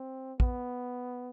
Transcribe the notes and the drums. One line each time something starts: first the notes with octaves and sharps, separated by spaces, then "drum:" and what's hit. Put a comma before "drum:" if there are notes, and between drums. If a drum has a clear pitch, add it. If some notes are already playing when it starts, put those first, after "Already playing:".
Already playing: C4
B3, drum: kick